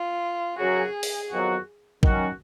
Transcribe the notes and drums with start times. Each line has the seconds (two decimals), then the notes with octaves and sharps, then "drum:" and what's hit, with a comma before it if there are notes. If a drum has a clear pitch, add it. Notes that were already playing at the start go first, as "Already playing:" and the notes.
Already playing: F4
0.58 F#2 C#3 F#3 C#4 F#4 G#4
1.03 drum: open hi-hat
1.31 F2 D#3 F#3 B3 F#4
2.03 D#3 F#3 C#4 F#4, drum: kick